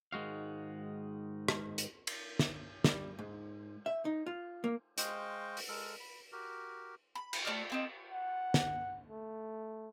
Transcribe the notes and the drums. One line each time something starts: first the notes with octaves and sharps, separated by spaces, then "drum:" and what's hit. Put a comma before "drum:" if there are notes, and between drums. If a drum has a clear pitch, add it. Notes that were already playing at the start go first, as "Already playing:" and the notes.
G#2 D#3 G#3 F#4 F5
drum: rim click
drum: hi-hat
drum: cymbal
drum: snare
G3, drum: snare
G#2
E5
D#4
F4
A#3
G#3 C5 D#5 F5 G5 C#6, drum: hi-hat
drum: open hi-hat
G#3 A4 A#4 E6
B5
F#4 G4 A#4
B5
drum: cymbal
A3 C#5 D5 F6
A#3 C4 D#4
F#5
drum: snare
A3